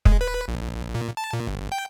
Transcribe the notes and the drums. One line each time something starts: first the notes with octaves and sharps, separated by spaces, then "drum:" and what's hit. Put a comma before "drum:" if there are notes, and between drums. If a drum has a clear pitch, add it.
G#3, drum: kick
B4
A#1
A#2
A5
A#2
G1
G5